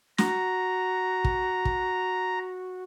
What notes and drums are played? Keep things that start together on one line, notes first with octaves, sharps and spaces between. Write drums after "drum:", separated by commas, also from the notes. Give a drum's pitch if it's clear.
F#4 A#5, drum: snare
drum: kick
drum: kick